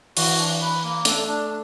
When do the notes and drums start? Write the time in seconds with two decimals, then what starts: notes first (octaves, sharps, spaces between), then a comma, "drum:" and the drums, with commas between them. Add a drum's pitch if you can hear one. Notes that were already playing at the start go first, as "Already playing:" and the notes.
0.17 E3 F#4, drum: open hi-hat
0.39 D4
0.61 B4
0.84 A#3
1.05 A3 D4, drum: hi-hat
1.28 D4